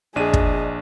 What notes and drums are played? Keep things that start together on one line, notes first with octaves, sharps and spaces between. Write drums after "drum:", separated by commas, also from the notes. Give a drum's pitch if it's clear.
A#1 D4 G#4 D#5 D#7
drum: kick